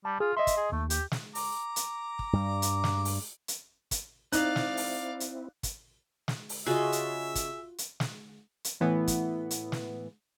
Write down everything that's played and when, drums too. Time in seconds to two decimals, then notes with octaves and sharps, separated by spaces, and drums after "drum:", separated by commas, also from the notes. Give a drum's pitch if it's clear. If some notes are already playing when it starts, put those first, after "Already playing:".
0.05 G3 A5
0.20 F4 G#4
0.37 D#5 E5 C6
0.47 drum: kick, hi-hat
0.57 G#4
0.72 D#2 A3
0.90 G4, drum: hi-hat
1.12 drum: snare
1.35 A#5 D6, drum: open hi-hat
1.76 drum: hi-hat
2.19 drum: kick
2.33 G2 G3
2.62 drum: hi-hat
2.84 drum: snare
3.05 drum: open hi-hat
3.48 drum: hi-hat
3.91 drum: kick, hi-hat
4.32 C4 D#4 E4 D5 F5 F#6, drum: hi-hat
4.56 drum: snare
4.77 drum: open hi-hat
5.20 drum: hi-hat
5.63 drum: kick, hi-hat
6.28 drum: snare
6.49 drum: open hi-hat
6.66 C#3 F4 F#4 G#4 D#5 E5
6.92 drum: hi-hat
7.35 drum: kick, hi-hat
7.78 drum: hi-hat
8.00 drum: snare
8.64 drum: hi-hat
8.80 A2 E3 B3
9.07 drum: kick, hi-hat
9.51 drum: hi-hat
9.72 drum: snare